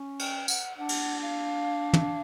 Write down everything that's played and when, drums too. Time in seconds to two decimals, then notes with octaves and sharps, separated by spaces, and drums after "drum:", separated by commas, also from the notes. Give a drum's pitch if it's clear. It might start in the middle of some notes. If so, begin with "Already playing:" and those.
Already playing: C#4
0.19 G5, drum: cymbal
0.48 F#5, drum: tambourine
0.77 D4 F#5
0.89 drum: cymbal
1.22 F5
1.94 drum: tom